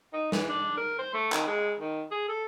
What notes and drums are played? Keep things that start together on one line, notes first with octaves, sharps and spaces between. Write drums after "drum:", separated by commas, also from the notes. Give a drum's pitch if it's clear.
D#4
E3, drum: snare
D4
A#4
C5
A3
D#3, drum: clap
G#3
D#3
G#4
A4